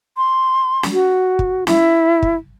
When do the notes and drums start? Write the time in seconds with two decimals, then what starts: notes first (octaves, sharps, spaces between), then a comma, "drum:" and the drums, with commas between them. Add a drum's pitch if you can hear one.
0.17 C6
0.83 drum: snare
0.93 F#4
1.39 drum: kick
1.67 E4, drum: snare
2.23 drum: kick